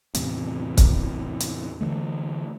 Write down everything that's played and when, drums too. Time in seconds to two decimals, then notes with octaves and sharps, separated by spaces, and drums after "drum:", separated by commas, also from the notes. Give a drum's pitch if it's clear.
0.14 E2 A2 C3, drum: hi-hat
0.77 drum: kick, hi-hat
1.40 drum: hi-hat
1.81 D3 E3 A3